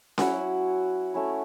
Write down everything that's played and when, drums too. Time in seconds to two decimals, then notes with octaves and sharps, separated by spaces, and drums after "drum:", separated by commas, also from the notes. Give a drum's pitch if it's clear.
0.18 F#3 C#4 E4 F#5, drum: snare C#4
1.14 A3 C#4 E4